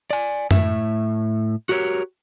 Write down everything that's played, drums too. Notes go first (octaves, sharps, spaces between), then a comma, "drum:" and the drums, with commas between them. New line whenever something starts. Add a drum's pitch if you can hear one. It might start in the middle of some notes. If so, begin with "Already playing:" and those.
D5 G#5
A2 E5, drum: tom F#2
F#4 G4 A#4 C#5